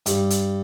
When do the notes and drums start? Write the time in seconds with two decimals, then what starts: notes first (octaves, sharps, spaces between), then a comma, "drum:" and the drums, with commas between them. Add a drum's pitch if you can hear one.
0.06 G2, drum: hi-hat
0.30 drum: hi-hat